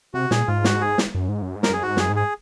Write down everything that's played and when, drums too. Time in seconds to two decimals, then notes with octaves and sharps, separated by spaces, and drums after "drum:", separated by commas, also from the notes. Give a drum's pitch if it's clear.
0.14 C3 F#4
0.31 A#2 G#4, drum: snare
0.48 G#2 F4
0.64 F#4, drum: snare
0.81 G#4
0.98 drum: snare
1.15 F#2
1.29 G#2
1.42 F#2
1.56 G#2
1.63 A#4, drum: snare
1.69 F#2 G#4
1.82 G#2 F#4
1.97 F#2 G#4, drum: snare
2.10 G#2
2.16 G#4